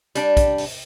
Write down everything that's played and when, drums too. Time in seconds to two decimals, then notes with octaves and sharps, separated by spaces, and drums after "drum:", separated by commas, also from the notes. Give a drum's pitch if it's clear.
0.15 G3 D4, drum: hi-hat
0.37 drum: kick, hi-hat
0.58 drum: open hi-hat